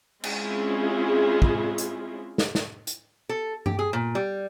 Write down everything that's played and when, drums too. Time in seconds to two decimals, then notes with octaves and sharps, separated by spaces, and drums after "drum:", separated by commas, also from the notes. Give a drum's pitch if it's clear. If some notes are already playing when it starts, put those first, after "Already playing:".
0.24 G#3 C4 C#4 E4 F4 G#4, drum: cymbal
1.42 drum: kick
1.78 drum: hi-hat
2.38 drum: snare
2.55 drum: snare
2.87 drum: hi-hat
3.29 A4
3.66 G4, drum: tom G2
3.79 G#4
3.93 A#2
4.15 G3